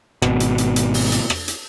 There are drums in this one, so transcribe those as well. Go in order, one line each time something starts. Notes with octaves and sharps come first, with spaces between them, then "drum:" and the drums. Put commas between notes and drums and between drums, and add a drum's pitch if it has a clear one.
G#1 B2, drum: rim click
drum: hi-hat
drum: hi-hat
drum: hi-hat
drum: open hi-hat
drum: hi-hat
drum: rim click
drum: hi-hat